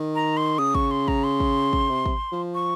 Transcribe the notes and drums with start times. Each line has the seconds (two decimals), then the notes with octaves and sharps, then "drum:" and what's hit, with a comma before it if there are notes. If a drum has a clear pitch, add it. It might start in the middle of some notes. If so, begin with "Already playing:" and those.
Already playing: D#3
0.15 A#5
0.37 C6
0.58 C#3 D#6
0.75 C#6, drum: kick
0.91 C6
1.08 A#5, drum: kick
1.24 C6
1.40 drum: kick
1.73 drum: kick
1.90 C3
2.06 drum: kick
2.32 F3
2.54 C#6